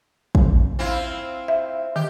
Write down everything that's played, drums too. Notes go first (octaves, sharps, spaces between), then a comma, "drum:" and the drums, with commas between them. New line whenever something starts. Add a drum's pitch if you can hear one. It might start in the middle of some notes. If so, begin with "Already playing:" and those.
drum: kick
C4 E4 F4
E5
D#3 G4